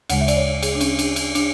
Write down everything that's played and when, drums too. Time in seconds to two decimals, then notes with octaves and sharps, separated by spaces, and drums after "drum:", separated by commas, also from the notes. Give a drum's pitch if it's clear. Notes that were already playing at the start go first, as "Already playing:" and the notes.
0.10 D2 C#3 G#3 F#5, drum: cymbal
0.21 E5
0.28 D5, drum: cymbal
0.37 C#5
0.63 G#4, drum: cymbal
0.75 D4
0.81 C#4, drum: cymbal
0.99 D4, drum: cymbal
1.16 drum: cymbal
1.35 D4, drum: cymbal